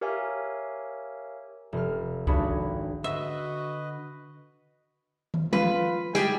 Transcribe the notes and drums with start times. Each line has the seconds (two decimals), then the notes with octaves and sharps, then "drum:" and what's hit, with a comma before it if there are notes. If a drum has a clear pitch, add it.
0.01 G4 A#4 C#5 E5 F5 G#5
1.73 F1 F6
2.27 G#1 D4 F#4 G#4 B5, drum: kick C2
3.04 D3 F#4 B4 D#5 E5
5.34 drum: tom
5.53 F4 B4, drum: tom F3
6.15 G3 G4 G#4, drum: snare